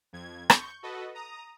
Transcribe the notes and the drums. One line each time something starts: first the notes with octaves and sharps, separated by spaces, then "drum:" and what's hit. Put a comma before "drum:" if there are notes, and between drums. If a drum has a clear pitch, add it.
F2 G#6
C#6 G6, drum: rim click
F#4 A4 B4 D#5
A#5 D#6